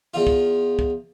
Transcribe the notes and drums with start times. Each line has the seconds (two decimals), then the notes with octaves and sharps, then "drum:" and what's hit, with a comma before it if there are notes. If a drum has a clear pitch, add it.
0.14 E2 F4
0.27 drum: kick
0.79 drum: kick